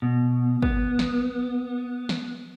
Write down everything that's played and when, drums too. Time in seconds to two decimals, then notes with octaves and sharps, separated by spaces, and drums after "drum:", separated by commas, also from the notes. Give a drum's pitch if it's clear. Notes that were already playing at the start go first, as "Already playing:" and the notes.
0.02 B2
0.62 B3, drum: kick
0.99 drum: snare
2.09 drum: snare